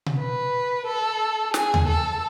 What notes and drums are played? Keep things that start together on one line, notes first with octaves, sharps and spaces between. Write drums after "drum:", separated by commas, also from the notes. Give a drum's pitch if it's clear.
drum: tom B2
B4
A4
G#4, drum: snare
drum: tom D#2
A4